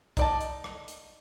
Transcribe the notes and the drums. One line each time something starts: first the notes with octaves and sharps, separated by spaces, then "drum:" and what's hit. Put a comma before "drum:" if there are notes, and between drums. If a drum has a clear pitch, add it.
D#4 D5 A5, drum: kick, hi-hat
drum: hi-hat
drum: rim click
drum: hi-hat